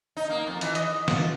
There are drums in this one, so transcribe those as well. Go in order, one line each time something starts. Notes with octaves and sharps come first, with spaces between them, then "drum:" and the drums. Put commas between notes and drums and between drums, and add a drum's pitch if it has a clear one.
D#4
A#3
F2
E3, drum: hi-hat
D#5, drum: hi-hat
F4, drum: snare